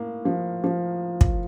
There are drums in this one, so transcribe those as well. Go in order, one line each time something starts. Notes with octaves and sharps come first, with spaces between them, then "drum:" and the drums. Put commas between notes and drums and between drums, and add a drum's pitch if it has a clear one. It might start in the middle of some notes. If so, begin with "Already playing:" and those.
Already playing: A2 A#3
F3
F3
drum: kick